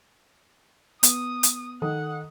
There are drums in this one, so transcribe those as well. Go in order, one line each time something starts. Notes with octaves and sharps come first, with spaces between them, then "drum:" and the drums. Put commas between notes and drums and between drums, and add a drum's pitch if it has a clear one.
B3 D#6, drum: hi-hat
drum: hi-hat
D#3 A4 F#5 D#6